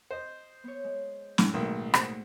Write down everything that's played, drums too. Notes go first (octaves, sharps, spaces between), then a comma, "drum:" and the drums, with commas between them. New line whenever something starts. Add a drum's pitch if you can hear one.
C5 D#5
B3 C#5
G#3
A2 G3 G#3 D5, drum: snare
B1 D#3 A3 A#3 G#4
C5 F#5, drum: rim click